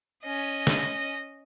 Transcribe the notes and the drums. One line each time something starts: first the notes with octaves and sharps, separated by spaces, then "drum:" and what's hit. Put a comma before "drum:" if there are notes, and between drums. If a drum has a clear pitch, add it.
C#4 D#5
drum: snare